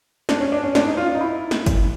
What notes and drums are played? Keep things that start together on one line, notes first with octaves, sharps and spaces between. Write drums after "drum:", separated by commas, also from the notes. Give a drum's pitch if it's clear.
D4, drum: snare
C#4
D4
C#4
D4, drum: snare
D#4
F4
D#4
E4
drum: snare
drum: kick, hi-hat